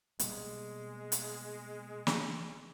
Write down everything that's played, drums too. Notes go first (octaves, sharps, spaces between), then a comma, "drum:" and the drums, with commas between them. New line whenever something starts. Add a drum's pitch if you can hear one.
B2 G3 G#3 A#3, drum: hi-hat
drum: hi-hat
drum: snare